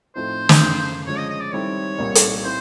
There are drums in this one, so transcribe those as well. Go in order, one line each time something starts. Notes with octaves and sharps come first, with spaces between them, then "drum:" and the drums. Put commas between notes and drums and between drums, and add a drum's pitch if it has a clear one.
A2 F3 A3 C4 D#4 C5
drum: snare
F#2 C#3 E3 A3
D3 F3 G#3 C#4 C#5
D#5
D#5
D5
D#3 G3 C4 E4 A4 C#5
C2 A#2 G3 A#3 D#4
drum: hi-hat
C4 E4 C5